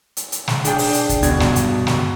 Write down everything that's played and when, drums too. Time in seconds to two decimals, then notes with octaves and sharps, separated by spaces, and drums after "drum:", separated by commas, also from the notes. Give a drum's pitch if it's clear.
0.17 drum: hi-hat
0.32 drum: hi-hat
0.48 drum: snare
0.65 D4 G#4 G5, drum: hi-hat
0.78 drum: open hi-hat
0.94 drum: hi-hat
1.09 drum: kick, hi-hat
1.23 D2 B2 D5 G#6, drum: hi-hat
1.40 G2, drum: snare
1.56 drum: hi-hat
1.87 drum: snare